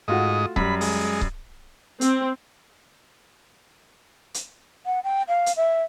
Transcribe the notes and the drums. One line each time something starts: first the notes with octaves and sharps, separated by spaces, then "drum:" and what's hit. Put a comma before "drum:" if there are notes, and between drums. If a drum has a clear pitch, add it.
G#2 A3 F4 F#4 D#5
F#2 G3 B5, drum: kick C#1
G#3, drum: open hi-hat
drum: kick C#1
C4, drum: hi-hat
drum: hi-hat
F#5
G5
F5
drum: hi-hat
E5